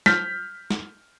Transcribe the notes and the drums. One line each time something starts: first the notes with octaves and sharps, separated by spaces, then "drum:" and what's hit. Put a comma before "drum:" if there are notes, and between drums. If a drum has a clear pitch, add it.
F6 G6 B6, drum: snare
drum: snare